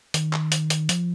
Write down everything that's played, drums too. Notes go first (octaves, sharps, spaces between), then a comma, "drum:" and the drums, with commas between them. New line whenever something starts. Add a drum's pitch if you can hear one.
D#3, drum: hi-hat
drum: clap
drum: hi-hat
drum: hi-hat
F3, drum: hi-hat